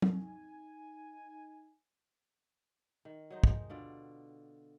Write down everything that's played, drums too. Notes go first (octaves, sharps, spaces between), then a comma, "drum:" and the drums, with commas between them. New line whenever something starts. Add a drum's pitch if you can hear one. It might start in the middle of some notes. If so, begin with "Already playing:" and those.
drum: tom
D#4 G#5
D#3
F#3 D#4 C5
G#3, drum: kick
B2 D3 F4 D5